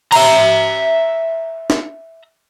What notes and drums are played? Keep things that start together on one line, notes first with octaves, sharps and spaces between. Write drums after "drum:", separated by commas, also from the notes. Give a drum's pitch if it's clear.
E5 A#5, drum: cymbal
drum: snare